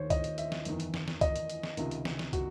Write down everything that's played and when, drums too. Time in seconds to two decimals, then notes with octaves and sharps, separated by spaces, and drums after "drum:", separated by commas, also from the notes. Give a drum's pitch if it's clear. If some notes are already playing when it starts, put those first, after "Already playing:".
Already playing: D#2 D#3 C5 C#5
0.10 D#5, drum: kick, hi-hat
0.24 drum: hi-hat
0.38 E5, drum: hi-hat
0.52 drum: snare
0.65 F#1 E2 D#3, drum: hi-hat
0.80 drum: hi-hat
0.94 drum: snare
1.08 drum: snare
1.21 D#5, drum: kick, hi-hat
1.36 drum: hi-hat
1.50 drum: hi-hat
1.63 drum: snare
1.77 C#2 C3 D#3, drum: hi-hat
1.91 drum: hi-hat
2.05 drum: snare
2.19 drum: snare
2.33 F#4, drum: kick, hi-hat